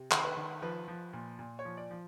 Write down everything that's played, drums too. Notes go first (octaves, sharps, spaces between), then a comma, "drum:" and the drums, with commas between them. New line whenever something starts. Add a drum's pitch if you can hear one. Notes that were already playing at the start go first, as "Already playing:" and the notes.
Already playing: C3
D#3, drum: clap
B4
D#3
F3 B4
F3
A#2
A#2
C#5
F3
D5
F3